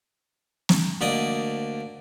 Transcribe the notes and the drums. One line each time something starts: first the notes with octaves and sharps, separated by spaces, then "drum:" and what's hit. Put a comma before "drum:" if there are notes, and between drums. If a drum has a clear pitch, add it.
drum: snare
D2 A#3 D5 D#5